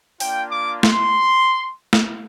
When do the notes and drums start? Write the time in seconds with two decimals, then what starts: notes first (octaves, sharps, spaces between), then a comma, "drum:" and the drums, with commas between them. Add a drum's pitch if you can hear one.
0.20 A#3 D4 F4 G5, drum: open hi-hat
0.52 D6
0.83 C6, drum: snare
1.93 drum: snare